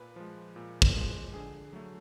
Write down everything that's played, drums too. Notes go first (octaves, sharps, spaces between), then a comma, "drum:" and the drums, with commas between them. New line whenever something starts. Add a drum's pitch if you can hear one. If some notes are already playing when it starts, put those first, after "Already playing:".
Already playing: A#2 B4
F3 G#3
A#2
drum: kick
F3 G#3
D3 G#4
F#3 A3